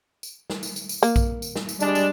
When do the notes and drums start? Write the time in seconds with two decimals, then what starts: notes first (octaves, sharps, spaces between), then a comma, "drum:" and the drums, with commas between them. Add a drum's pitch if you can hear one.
0.23 drum: tambourine
0.50 drum: snare
0.63 drum: tambourine
0.76 drum: tambourine
0.89 drum: tambourine
1.03 A#3, drum: tambourine
1.16 drum: kick A#1, tambourine
1.42 drum: tambourine
1.55 drum: snare
1.69 drum: tambourine
1.80 G3 G#3 D4, drum: tambourine
1.95 drum: tambourine